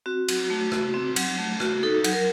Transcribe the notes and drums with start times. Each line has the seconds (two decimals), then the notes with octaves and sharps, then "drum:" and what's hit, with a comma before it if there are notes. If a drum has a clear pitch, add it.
0.06 C4 F#4
0.28 F#3, drum: cymbal
0.50 A3
0.72 F#4, drum: rim click
0.94 C4
1.16 F#3, drum: cymbal
1.38 A3
1.60 F#4, drum: rim click
1.83 D#4 A4
2.04 F#3, drum: cymbal
2.13 A#4